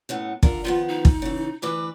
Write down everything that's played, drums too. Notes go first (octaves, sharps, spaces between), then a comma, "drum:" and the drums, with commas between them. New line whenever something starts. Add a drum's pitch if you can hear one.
F#2 A2 B3
D3 F4 A#4, drum: kick
D#3 F3 B3 F4
D#4
drum: kick
C#3 E3
D2 E3 B4 D6